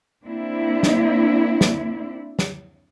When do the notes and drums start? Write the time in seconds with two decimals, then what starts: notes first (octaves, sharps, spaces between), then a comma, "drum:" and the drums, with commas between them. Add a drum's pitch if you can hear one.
0.25 A#3 C4 D4 E4
0.83 drum: snare
1.61 drum: snare
2.39 drum: snare